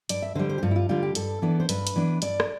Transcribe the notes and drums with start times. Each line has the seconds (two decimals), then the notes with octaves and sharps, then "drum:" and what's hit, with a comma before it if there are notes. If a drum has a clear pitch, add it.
0.09 G2 D5, drum: hi-hat
0.22 E5
0.35 D3 G3 C5
0.49 C5
0.58 G4
0.63 G2 F4
0.71 E4
0.76 F4
0.89 D3 G3 F4
1.03 G4
1.15 G2 A4, drum: hi-hat
1.42 E3 B3 D4
1.60 C5
1.69 G2 B4, drum: hi-hat
1.87 drum: hi-hat
1.96 E3 B3 D4
2.22 G2 D5, drum: hi-hat
2.40 drum: rim click